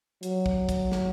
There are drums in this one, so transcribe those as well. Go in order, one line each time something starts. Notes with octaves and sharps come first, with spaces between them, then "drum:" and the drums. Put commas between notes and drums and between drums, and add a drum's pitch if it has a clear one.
F#3, drum: hi-hat
drum: kick
drum: kick, hi-hat
drum: snare